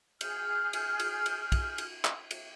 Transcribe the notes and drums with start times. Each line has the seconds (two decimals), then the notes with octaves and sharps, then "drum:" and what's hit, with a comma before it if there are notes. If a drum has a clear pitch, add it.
0.21 G#4 F6 G6, drum: cymbal
0.73 drum: cymbal
0.99 drum: cymbal
1.26 drum: cymbal
1.52 drum: kick, cymbal
1.78 drum: cymbal
2.04 drum: clap
2.31 drum: cymbal